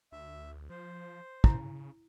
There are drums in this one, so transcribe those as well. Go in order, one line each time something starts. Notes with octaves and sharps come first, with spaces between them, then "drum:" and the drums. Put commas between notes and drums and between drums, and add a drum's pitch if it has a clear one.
D2 E5
F3 C5
C#3 E4, drum: kick